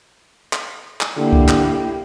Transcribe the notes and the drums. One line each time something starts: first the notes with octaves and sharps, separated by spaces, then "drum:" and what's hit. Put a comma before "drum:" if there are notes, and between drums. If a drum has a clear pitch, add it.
drum: clap
drum: clap
D3 A#3 E4 G4
drum: kick C2
drum: clap